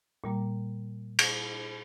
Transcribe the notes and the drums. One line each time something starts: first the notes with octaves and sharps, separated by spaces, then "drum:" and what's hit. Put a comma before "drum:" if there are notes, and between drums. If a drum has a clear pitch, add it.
A#2 G3 A#3
drum: cymbal